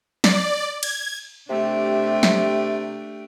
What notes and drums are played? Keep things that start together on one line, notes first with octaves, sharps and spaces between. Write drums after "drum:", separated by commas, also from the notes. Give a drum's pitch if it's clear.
D5, drum: snare
G#6, drum: cymbal
C3 A3 D4 G4
drum: snare